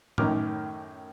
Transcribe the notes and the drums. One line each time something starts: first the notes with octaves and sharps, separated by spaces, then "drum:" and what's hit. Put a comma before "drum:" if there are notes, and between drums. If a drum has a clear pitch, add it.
F#2 A2 D#3 C#4 D6 F6, drum: tom